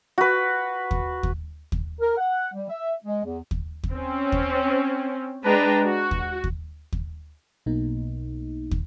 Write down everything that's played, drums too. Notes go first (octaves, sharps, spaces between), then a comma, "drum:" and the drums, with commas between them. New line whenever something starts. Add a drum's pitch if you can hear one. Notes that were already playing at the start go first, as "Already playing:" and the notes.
F#4 B4
drum: kick
drum: kick
drum: kick
A#4
F#5
G3
E5
G#3
E2
drum: kick
drum: kick
C4 C#4
drum: kick
G#3 D4 B4 G5 A5 A#5
F#4
drum: kick
drum: kick
drum: kick
B1 B2 A#3 D#4
drum: kick